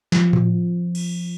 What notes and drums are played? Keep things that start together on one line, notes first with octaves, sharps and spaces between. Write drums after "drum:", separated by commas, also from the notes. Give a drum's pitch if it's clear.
F3, drum: snare
drum: tom A2
drum: cymbal